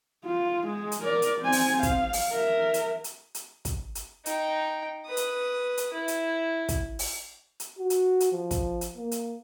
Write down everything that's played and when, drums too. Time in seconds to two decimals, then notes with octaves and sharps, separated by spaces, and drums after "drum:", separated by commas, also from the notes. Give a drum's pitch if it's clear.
0.25 F4
0.67 G#3
0.92 drum: hi-hat
1.03 A#4 D5
1.22 drum: hi-hat
1.41 C4 G#5
1.52 drum: open hi-hat
1.83 F5, drum: kick, hi-hat
2.13 drum: open hi-hat
2.31 A#4 E5
2.74 drum: hi-hat
3.04 drum: hi-hat
3.35 drum: hi-hat
3.65 drum: kick, hi-hat
3.95 drum: hi-hat
4.26 D#4 G5, drum: hi-hat
5.07 B4 D#6
5.17 drum: hi-hat
5.77 drum: hi-hat
5.93 E4
6.08 drum: hi-hat
6.69 drum: kick, hi-hat
6.99 drum: open hi-hat
7.60 drum: hi-hat
7.79 F#4
7.90 drum: hi-hat
8.20 drum: hi-hat
8.32 F3
8.51 drum: kick, hi-hat
8.81 drum: hi-hat
8.96 A#3
9.11 drum: hi-hat